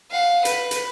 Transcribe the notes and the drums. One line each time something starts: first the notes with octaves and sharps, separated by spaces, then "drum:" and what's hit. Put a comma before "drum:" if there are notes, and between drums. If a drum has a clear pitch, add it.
F5 F#5
B4, drum: hi-hat
drum: hi-hat